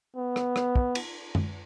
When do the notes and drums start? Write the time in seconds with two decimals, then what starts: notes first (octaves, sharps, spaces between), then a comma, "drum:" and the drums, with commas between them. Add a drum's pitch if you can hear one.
0.16 B3
0.36 drum: rim click
0.56 drum: rim click
0.76 drum: kick
0.95 drum: cymbal
1.35 drum: tom F#2